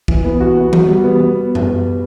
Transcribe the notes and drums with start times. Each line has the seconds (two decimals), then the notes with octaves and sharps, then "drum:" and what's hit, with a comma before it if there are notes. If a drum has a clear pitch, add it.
0.08 E3, drum: kick
0.25 B3
0.40 F#4
0.57 B3
0.73 F#4, drum: tom E3
0.88 G3
1.04 B3
1.20 B3
1.55 drum: tom F#2